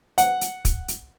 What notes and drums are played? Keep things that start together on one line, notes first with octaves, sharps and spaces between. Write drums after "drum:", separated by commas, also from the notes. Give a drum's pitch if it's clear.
F#5, drum: hi-hat
drum: hi-hat
drum: kick, hi-hat
drum: hi-hat